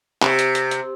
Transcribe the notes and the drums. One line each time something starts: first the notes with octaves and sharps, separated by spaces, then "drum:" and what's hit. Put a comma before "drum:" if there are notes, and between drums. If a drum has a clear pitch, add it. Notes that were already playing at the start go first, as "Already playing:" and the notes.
C3, drum: clap
drum: hi-hat
drum: hi-hat
drum: hi-hat